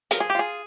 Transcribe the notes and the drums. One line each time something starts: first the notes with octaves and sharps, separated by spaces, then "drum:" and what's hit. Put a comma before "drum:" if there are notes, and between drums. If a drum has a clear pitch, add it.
F3 A#4, drum: hi-hat
G#4
G4
F4 G#4